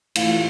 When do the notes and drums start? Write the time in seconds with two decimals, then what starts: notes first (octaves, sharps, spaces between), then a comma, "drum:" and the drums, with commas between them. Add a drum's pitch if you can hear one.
0.15 A2 E3 A3 F5, drum: cymbal